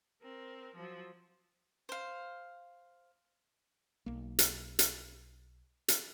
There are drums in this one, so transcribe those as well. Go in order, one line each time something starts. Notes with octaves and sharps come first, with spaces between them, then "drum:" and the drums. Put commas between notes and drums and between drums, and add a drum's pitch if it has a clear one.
C4 A#4
F3 F#3
C5 F5
B1 A#3
drum: hi-hat
drum: hi-hat
drum: hi-hat